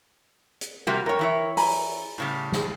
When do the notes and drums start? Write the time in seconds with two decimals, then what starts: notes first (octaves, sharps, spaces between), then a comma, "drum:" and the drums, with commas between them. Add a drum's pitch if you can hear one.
0.61 drum: hi-hat
0.87 C3 G3 A#3 F#4
1.06 F#2 A#4 C#5 G5
1.19 E3 E4 C#5
1.57 G#5 A#5 B5, drum: open hi-hat
2.18 A2 C#3 G3
2.52 drum: snare